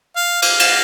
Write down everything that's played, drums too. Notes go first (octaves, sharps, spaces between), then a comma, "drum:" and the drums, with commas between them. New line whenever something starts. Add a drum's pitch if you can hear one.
F5
F5, drum: cymbal
drum: cymbal